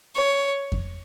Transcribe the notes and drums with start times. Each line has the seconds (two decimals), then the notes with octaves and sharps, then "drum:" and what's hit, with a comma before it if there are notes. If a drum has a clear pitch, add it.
0.16 C#5
0.72 drum: kick F2